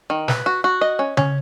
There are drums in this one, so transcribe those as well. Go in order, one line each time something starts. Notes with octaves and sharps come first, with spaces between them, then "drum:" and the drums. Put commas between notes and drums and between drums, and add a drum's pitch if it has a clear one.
D#3
B4, drum: snare
F#4
F#4
D#5
C#4
C#4, drum: tom C#3